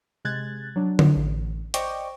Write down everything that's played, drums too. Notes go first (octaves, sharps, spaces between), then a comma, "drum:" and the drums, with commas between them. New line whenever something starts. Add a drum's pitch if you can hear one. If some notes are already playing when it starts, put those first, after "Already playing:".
C3 G#3 F#6 G#6 A6
F#3 D4
drum: tom D3
A1
C5 D5 D#5 G5 C#6 D6, drum: hi-hat